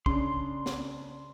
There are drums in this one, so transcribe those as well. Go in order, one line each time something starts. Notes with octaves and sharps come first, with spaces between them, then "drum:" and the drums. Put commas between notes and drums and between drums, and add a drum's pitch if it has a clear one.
C#3 D4 C6, drum: kick
drum: snare